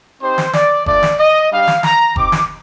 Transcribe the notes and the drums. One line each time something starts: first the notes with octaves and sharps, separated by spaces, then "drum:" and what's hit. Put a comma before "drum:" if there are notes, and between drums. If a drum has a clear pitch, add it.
C4 D#4 G4 C5
drum: snare
D5, drum: snare
A3 D4 F4 D5, drum: kick F#1
drum: snare
D#5
G3 D4 G4 F5
drum: snare
A#5, drum: snare
C4 D#4 G4 D6, drum: kick F#1
drum: snare